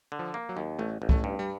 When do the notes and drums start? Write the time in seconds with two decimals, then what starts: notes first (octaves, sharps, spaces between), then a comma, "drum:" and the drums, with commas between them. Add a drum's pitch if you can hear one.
0.12 D3
0.19 F3
0.34 A#3
0.49 F#3
0.57 D#2
0.79 A1 A3
1.02 A1
1.09 A3, drum: kick C2
1.24 G2
1.39 G3